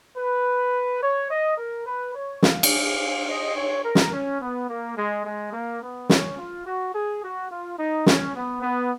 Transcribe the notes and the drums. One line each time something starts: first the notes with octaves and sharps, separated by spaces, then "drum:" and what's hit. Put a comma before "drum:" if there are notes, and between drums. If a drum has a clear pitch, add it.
B4
C#5
D#5
A#4
B4
C#5
F5, drum: snare
drum: cymbal
D#5
C#5
A#4
drum: snare
C#4
B3
A#3
G#3
G#3
A#3
B3
C#4, drum: snare
F4
F#4
G#4
F#4
F4
D#4
C#4, drum: snare
B3
B3